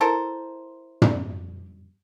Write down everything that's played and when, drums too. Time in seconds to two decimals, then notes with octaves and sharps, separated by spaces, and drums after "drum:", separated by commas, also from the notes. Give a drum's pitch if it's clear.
0.01 E4 A4 A#4 C5
1.02 drum: tom